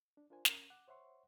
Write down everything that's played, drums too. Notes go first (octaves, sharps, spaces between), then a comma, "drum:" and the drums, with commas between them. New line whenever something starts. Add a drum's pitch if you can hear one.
D4
D4 F4 A#4 C5 G#5
C#4 A#4, drum: snare
F#5 D6 F#6
C5 C#5 E5 F#5 C6 C#6